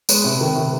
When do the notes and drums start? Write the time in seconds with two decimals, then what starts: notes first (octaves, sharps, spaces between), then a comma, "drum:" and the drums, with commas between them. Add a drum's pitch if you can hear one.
0.09 G#3 B4 C#5, drum: tambourine
0.24 C3
0.41 D#3
0.56 C3